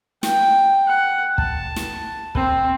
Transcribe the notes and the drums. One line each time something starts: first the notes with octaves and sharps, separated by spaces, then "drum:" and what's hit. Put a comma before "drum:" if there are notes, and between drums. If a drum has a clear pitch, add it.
G5, drum: snare
F#5
A5, drum: kick
drum: snare
C4, drum: kick